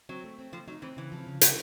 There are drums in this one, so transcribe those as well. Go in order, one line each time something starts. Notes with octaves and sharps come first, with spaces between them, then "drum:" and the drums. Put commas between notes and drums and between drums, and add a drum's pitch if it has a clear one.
F#3 C4
A3
C4
F3 A3
F#3 D#4
E3 C4
C#3 E3
F3
C#3
C#3, drum: hi-hat